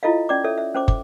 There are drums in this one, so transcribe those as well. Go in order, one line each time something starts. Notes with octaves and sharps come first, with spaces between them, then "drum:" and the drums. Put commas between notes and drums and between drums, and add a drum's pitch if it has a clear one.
E4 F4 A4 D#5 F5
C#4 D5 D6
A4 C#5 E5
E5
C#4 C5 D6
D6, drum: kick